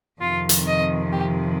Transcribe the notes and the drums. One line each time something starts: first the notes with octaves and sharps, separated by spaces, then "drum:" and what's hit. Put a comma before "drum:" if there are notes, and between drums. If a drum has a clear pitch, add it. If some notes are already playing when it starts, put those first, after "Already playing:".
F2 C3 D#3 F4
drum: hi-hat
D#5
G4